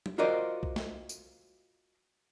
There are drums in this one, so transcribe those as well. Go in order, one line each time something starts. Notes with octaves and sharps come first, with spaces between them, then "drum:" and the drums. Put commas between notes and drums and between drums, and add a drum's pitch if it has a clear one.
drum: tom
F4 F#4 A#4 C5 D5 D#5
drum: kick B1
drum: snare
drum: tambourine